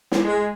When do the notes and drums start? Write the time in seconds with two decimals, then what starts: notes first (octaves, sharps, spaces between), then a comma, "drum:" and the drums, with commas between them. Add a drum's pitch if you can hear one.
0.12 drum: snare
0.25 G#3